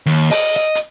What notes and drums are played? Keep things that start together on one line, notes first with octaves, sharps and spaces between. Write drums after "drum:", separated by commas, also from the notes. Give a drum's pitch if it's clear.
D#2
D#5, drum: open hi-hat
D#5
drum: hi-hat